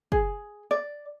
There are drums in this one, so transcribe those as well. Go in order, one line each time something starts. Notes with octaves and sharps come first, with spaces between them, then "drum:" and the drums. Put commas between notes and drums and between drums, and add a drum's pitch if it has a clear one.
G#4, drum: kick
D5